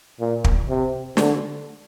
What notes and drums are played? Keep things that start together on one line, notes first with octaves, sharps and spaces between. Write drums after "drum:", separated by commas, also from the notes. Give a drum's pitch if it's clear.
A#2
drum: kick
C3
D3, drum: snare